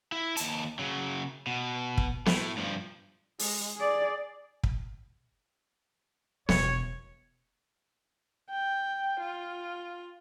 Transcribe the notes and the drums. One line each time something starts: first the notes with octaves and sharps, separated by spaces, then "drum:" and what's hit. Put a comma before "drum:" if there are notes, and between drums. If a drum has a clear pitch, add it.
E4
D#2 A5, drum: hi-hat
C#3 F#3
B2
drum: kick
A2, drum: snare B3
G2 F3
G#3, drum: open hi-hat
G#4 D5
drum: kick
E1 C#5, drum: snare B3
G5
F4